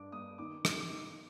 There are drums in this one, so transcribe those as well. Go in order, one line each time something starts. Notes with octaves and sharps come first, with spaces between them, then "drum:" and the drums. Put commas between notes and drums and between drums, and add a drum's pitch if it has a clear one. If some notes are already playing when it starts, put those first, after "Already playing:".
Already playing: G2 D4 D6
G2 D#6
D#3 D6
D#3, drum: rim click
D6
D#3